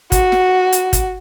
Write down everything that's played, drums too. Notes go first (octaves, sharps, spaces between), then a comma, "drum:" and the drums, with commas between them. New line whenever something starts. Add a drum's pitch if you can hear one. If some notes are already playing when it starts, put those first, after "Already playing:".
F#4, drum: kick, hi-hat
drum: snare
drum: hi-hat
drum: kick, hi-hat